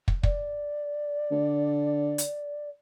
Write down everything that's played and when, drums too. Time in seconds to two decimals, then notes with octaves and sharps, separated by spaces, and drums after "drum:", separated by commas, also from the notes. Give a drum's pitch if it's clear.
0.08 drum: kick
0.23 D5, drum: kick
1.31 D3
2.18 drum: hi-hat